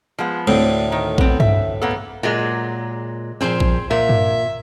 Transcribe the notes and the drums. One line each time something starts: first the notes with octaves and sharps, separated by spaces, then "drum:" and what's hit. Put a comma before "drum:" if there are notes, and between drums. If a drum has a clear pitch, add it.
F3 G#3 B3
D2 A2 C4 D4
D#3
B3 C4, drum: kick A#1
E5, drum: tom G2
A#3 B3 A4
A#2 F#3 G#3
A#2 F3 C4 G#4 C5
drum: kick A#1
A#2 A#4 E5
drum: tom G2